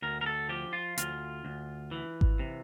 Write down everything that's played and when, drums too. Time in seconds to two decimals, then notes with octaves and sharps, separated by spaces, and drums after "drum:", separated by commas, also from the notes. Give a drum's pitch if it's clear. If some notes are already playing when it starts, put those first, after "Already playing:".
0.02 D2 A#4
0.21 A#4
0.26 A4
0.49 F3 G4
0.73 F4
0.98 D2 F4, drum: hi-hat
1.45 D2
1.91 E3
2.21 drum: kick G#1
2.39 C3